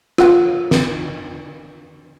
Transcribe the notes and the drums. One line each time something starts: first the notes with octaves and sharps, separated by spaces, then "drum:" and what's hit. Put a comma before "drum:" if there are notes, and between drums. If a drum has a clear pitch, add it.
F4 F#5, drum: rim click
drum: snare